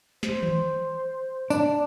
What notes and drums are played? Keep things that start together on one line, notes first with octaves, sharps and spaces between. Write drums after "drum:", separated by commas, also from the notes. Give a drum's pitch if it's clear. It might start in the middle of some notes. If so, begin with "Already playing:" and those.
C5, drum: snare
drum: tom D#3
D4, drum: tambourine